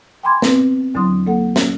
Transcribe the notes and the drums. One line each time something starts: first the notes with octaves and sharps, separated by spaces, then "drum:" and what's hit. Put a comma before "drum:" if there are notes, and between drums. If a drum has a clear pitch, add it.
G5 G#5 B5 C6 D6 G#6
B3 C4 B4, drum: snare
E2 D3 F#3 D4 C6 D#6
A#3 A4 F#5
C#4, drum: snare